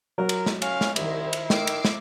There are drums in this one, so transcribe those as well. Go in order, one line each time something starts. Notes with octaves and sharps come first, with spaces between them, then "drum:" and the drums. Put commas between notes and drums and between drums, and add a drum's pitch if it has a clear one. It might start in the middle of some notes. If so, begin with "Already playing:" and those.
F#3 A#4
drum: cymbal
drum: snare
C#4 F5, drum: cymbal
drum: snare
C2 D#3 E4 C5, drum: cymbal
drum: cymbal
D#3 D6 E6 C7, drum: snare
drum: cymbal
drum: snare